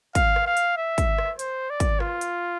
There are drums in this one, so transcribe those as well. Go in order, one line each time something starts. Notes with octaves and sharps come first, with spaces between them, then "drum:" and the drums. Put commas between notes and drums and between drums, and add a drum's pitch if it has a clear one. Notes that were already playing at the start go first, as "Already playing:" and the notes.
F5, drum: kick, hi-hat
drum: rim click
F5
drum: hi-hat
E5
drum: kick, hi-hat
drum: rim click
C5, drum: hi-hat
D5
drum: kick, hi-hat
F4, drum: rim click
drum: hi-hat